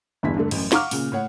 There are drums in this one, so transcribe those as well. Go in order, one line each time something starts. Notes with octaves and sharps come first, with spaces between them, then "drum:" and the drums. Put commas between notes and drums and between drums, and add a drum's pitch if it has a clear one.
G1 E2 D4 E4 B6
G2 D3 A3
A1 F#2, drum: cymbal
F5 F#5 A#5 C#6 D6 F6, drum: snare
A#2 C#3, drum: open hi-hat
A2 C#5 F#5